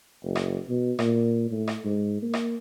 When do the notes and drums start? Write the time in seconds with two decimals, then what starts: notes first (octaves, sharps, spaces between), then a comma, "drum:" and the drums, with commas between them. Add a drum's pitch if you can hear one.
0.24 F#1
0.35 drum: rim click
0.69 B2
0.99 A#2, drum: rim click
1.51 A2
1.67 drum: rim click
1.84 G#2
2.22 A#3
2.33 drum: rim click